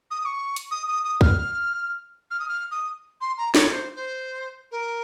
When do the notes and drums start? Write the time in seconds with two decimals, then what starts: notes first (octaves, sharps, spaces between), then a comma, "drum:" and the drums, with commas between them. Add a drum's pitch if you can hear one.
0.10 D#6
0.21 D#6
0.25 C#6
0.56 drum: hi-hat
0.71 D#6
0.87 D#6
1.04 D#6
1.21 F6, drum: kick
2.30 F6
2.39 D#6
2.48 F6
2.71 D#6
3.21 C6
3.37 A#5
3.55 C#5, drum: snare
3.71 C5
3.95 C5
4.71 A#4